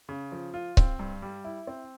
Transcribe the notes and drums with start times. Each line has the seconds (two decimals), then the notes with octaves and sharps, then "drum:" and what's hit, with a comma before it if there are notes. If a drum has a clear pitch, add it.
0.09 C#3
0.32 F3
0.54 F4
0.77 C4, drum: kick C#1
0.99 G2
1.22 G3
1.44 E4
1.67 C4